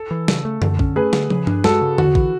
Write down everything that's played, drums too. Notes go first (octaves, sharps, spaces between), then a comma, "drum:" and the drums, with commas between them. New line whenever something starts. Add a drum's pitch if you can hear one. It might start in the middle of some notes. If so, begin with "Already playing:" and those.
Already playing: A4
E3
C#3, drum: snare
A3
D3, drum: tom F#2
C#4, drum: kick A#1
A3 G#4 B4
D3, drum: snare
C#3, drum: tom
D4, drum: tom G2
G#3 F#4 A4, drum: snare
C#3
E2 F#4, drum: tom D3
E3, drum: kick A#1